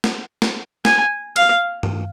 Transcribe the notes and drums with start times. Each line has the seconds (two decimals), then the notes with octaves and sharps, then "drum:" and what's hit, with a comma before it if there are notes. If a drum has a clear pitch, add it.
0.04 drum: snare
0.42 drum: snare
0.85 G#5, drum: snare
1.36 F5, drum: hi-hat
1.83 drum: tom G2